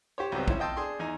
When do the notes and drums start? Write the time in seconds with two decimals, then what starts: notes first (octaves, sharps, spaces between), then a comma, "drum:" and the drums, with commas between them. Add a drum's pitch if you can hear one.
0.18 G4 C5 C#5
0.32 C#2 F#3 G3 B3 C4
0.48 C#4 E4 C5, drum: kick B1
0.59 D#5 F5 G5 A5 C6 E6
0.77 D4 G#4 C6
0.99 E2 D#4 G#5